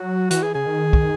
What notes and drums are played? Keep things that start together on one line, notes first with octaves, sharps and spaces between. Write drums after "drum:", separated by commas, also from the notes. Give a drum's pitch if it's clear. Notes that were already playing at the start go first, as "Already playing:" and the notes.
Already playing: F#3 F#4
E3 F#4, drum: hi-hat
G#4
C#3 G#4
D#3
drum: kick